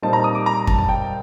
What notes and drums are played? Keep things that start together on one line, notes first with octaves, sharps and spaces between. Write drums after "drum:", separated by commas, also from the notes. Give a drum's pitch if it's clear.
A#2 G3 C4 D#4 A5
A#5
D#6
D6
A#5
A5, drum: kick F2
A5
G5